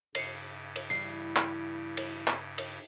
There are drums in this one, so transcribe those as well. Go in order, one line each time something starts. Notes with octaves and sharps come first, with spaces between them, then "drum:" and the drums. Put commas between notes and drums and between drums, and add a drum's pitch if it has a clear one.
G2 C#3 C7 C#7, drum: cymbal
drum: cymbal
E3 G3 E4 C7
drum: clap
drum: cymbal
drum: clap
drum: cymbal